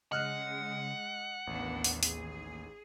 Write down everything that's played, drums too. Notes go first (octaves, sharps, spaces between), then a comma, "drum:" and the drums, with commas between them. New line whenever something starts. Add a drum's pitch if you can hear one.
C#3 G#3 D#5 F#5 F6 F#6
A1 D#2 A#3 B3 D4
drum: open hi-hat
G#4, drum: open hi-hat